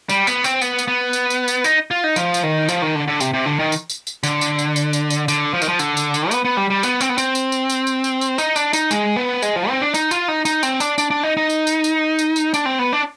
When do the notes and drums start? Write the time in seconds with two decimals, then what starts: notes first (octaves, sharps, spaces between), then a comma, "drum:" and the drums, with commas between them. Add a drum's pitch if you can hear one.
0.09 G3, drum: tambourine
0.27 B3, drum: tambourine
0.44 C4, drum: tambourine
0.61 B3, drum: tambourine
0.79 drum: tambourine
0.88 B3
1.13 drum: tambourine
1.30 drum: tambourine
1.48 drum: tambourine
1.64 D#4, drum: tambourine
1.91 F4
2.04 D#4
2.16 F3, drum: tambourine
2.34 drum: tambourine
2.43 D#3
2.68 F3, drum: tambourine
2.82 D#3
2.95 D3
3.08 D3
3.20 C3, drum: tambourine
3.33 C3
3.46 D3
3.59 D#3
3.72 drum: tambourine
3.90 drum: tambourine
4.07 drum: tambourine
4.23 D3, drum: tambourine
4.41 drum: tambourine
4.59 drum: tambourine
4.76 drum: tambourine
4.93 drum: tambourine
5.10 drum: tambourine
5.28 D3, drum: tambourine
5.54 F3
5.62 D#3, drum: tambourine
5.68 F3
5.79 D3, drum: tambourine
5.97 drum: tambourine
6.14 drum: tambourine
6.31 B3, drum: tambourine
6.45 B3
6.57 G3
6.70 G3
6.83 B3, drum: tambourine
7.01 C4, drum: tambourine
7.09 B3
7.18 C4, drum: tambourine
7.35 drum: tambourine
7.52 drum: tambourine
7.69 drum: tambourine
7.87 drum: tambourine
8.04 drum: tambourine
8.21 drum: tambourine
8.38 D#4, drum: tambourine
8.56 D4, drum: tambourine
8.73 D#4, drum: tambourine
8.91 G#3, drum: tambourine
9.16 B3
9.42 G#3, drum: tambourine
9.56 F3
9.69 C4
9.82 D4
9.94 D#4, drum: tambourine
10.11 F4, drum: tambourine
10.28 D#4
10.45 D#4, drum: tambourine
10.63 C4, drum: tambourine
10.80 D4, drum: tambourine
10.98 D4, drum: tambourine
11.10 D4
11.23 D#4
11.37 D#4
11.49 drum: tambourine
11.67 drum: tambourine
11.84 drum: tambourine
12.19 drum: tambourine
12.36 drum: tambourine
12.54 D4, drum: tambourine
12.65 C4
12.79 B3
12.93 D4